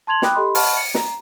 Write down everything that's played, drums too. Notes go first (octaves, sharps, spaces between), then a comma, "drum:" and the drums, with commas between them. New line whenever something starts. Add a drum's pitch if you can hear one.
A5 C6 G#6 F7 F#7
G5 B5 D6 D#6 F#6, drum: snare
G4 A4 D#5 B5 C6
D#5 F#5 A5 B5 C#6 F6, drum: open hi-hat
C#7
A#5, drum: snare